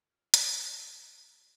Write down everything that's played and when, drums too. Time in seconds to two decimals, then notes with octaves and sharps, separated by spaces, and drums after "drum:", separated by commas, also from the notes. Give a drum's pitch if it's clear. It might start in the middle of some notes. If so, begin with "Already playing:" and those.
0.12 F4 C#5 F6
0.34 D#4 F4 D5 G5, drum: hi-hat
0.54 G#5 A#5
0.76 E6
0.95 G#3
1.16 F#4